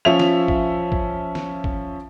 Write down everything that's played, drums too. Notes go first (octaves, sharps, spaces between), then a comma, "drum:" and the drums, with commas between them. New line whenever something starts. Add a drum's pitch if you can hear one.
F3 C#4 E5 F7
drum: snare
drum: kick
drum: kick
drum: snare
drum: kick